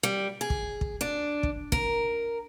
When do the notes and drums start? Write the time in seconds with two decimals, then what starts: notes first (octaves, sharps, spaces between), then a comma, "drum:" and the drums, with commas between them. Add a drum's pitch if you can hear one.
0.03 G3
0.41 G#4
0.50 drum: kick
0.81 drum: kick
1.01 D4
1.43 drum: kick
1.72 A#4, drum: kick